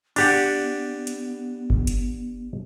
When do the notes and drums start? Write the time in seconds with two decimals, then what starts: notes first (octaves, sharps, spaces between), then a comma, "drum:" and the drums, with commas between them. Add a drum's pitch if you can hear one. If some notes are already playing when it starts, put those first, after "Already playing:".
0.16 B3 D4 G4 F#5, drum: cymbal
1.07 drum: hi-hat
1.70 drum: kick G1
1.87 drum: hi-hat